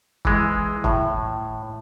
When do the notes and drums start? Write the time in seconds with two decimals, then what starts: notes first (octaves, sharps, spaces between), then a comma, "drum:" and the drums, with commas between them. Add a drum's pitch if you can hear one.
0.25 E3 G#3, drum: kick
0.84 A2, drum: kick